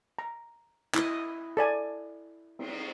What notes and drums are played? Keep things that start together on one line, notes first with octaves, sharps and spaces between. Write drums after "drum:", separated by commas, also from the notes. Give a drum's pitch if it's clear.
A#5
E4 D#5, drum: clap
A4 D5 G#5
drum: cymbal